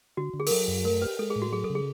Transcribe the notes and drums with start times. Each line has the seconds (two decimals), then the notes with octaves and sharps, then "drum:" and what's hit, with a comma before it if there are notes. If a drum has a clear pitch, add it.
0.17 D3 F#4
0.34 D3
0.40 G#4
0.47 A#4, drum: open hi-hat
0.50 F#3 A4
0.68 F#2
0.85 A3 A#4
1.02 G4 B4
1.19 G#3 A4
1.30 G#4
1.36 A2
1.42 F#4
1.53 F#3 G#4
1.64 A4
1.70 C#3
1.75 G#4